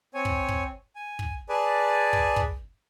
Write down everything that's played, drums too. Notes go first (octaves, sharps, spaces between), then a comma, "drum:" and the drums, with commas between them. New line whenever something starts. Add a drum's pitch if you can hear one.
C4 C#5 G#5
drum: kick
drum: kick
G#5
drum: kick
G#4 B4 D5 G#5 A5
drum: kick
drum: kick